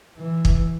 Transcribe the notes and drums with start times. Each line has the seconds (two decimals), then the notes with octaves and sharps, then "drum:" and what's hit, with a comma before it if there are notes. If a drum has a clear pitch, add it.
0.17 E3
0.45 drum: kick